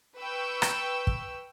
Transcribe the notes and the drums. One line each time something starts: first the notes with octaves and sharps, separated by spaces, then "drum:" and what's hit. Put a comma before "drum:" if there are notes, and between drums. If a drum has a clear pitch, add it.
B4 G5 C#6 E6
drum: rim click
drum: kick